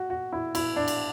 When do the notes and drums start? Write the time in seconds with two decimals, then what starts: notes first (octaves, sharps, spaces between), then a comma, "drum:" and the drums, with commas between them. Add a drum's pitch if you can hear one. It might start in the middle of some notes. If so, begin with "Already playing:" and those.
Already playing: F#4
0.10 F#4
0.33 E4
0.55 E4, drum: cymbal
0.76 D4
0.88 drum: cymbal